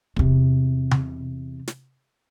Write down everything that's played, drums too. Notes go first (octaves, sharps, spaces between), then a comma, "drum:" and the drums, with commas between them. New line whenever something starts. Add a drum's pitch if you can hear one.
E2 C3, drum: kick
drum: tom C3
drum: snare